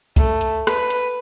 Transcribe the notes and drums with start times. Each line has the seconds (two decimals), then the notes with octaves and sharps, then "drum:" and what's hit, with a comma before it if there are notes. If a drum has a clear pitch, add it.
0.16 A3, drum: kick, hi-hat
0.41 drum: hi-hat
0.67 B4, drum: rim click
0.90 drum: hi-hat